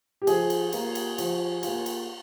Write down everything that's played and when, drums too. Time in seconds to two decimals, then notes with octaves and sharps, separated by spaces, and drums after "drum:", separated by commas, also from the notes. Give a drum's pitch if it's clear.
0.22 G4
0.27 F3 G#4, drum: cymbal
0.50 drum: cymbal
0.73 A#3 F4, drum: cymbal
0.95 drum: cymbal
1.18 F3, drum: cymbal
1.63 A#3 F4, drum: cymbal
1.86 drum: cymbal